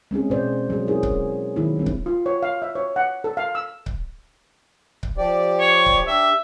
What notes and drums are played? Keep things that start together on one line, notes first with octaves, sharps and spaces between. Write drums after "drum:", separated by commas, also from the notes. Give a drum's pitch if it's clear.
G#3 C4 C#4 G#4
B2 E3 C5 D5
F#3 G#3 G#4
C#4 E4 G#4 A#4
drum: kick C#1
D#3 F#3 A#3 E4 G4
G3 A3 C4 D4
drum: kick C#1
F4
C#5
F5
E5
C#5
F#5
A4
F5
E6
drum: kick C#1
drum: kick C#1
F3 G4 D5
C#5
drum: kick C#1
D4 G4 E5